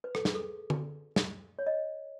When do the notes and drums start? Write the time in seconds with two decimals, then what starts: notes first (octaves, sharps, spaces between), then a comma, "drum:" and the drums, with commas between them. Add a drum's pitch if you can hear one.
0.04 B4
0.15 A4, drum: rim click
0.25 G#4, drum: snare
0.35 A4
0.70 drum: tom D3
1.16 drum: snare
1.59 C#5
1.67 D#5